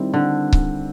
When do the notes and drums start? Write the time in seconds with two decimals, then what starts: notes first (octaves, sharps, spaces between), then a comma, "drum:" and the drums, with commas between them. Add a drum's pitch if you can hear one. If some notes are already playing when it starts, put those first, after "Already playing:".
Already playing: D#3 G3 C4 E4
0.14 D3
0.53 drum: kick C#1